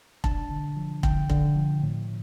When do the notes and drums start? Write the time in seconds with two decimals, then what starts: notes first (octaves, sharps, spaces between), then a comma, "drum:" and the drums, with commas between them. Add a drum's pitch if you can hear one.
0.24 D4 A5, drum: kick
0.50 D3
0.77 F3
1.03 D3 G5, drum: kick
1.30 D3, drum: kick
1.56 F3
1.83 A2